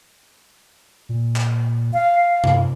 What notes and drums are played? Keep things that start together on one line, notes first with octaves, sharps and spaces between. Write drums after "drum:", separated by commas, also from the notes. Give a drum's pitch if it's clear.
A#2
drum: clap
F5
G2, drum: tom C3